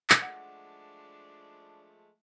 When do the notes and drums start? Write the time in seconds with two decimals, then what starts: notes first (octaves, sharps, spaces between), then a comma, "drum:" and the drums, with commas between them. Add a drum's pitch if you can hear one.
0.10 drum: clap
0.22 F3 G#3 A3 D4 F#5